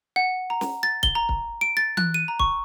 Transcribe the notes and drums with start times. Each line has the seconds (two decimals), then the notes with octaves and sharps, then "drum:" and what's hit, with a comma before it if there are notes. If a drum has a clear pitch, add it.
0.16 F#5
0.50 A#5
0.61 drum: snare
0.83 A6
1.03 G7, drum: kick
1.15 A#5
1.29 drum: kick
1.61 D7
1.77 A6
1.97 F#6, drum: tom E3
2.14 D#7
2.28 A#5
2.40 C#6, drum: kick